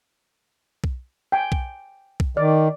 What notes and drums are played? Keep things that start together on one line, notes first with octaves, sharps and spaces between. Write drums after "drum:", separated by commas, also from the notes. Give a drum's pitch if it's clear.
drum: kick B1
G5 G#5
drum: kick B1
drum: kick B1
D#3 D5